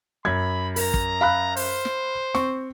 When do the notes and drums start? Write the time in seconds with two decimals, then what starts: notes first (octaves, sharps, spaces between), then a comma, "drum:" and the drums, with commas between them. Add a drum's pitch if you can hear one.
0.25 F#2 B5 G#6
0.76 A#4 A#5, drum: open hi-hat
0.94 drum: kick
1.21 F5 B5 F#6
1.57 C5, drum: open hi-hat
1.85 drum: snare
2.35 C4 C#6, drum: snare